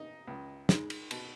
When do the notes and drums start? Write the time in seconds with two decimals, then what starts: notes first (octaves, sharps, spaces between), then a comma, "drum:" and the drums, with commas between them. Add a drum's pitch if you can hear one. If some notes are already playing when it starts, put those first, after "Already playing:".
Already playing: D#4
0.28 C#2
0.69 G#3 D#4, drum: snare
0.90 drum: cymbal
1.11 B2, drum: cymbal